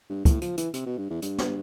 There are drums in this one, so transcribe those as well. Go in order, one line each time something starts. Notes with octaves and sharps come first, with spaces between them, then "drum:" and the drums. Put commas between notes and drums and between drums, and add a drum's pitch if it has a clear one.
G2
A2, drum: kick, hi-hat
F3, drum: hi-hat
E3, drum: hi-hat
C3, drum: hi-hat
B2
G2
E2
G2, drum: hi-hat
drum: snare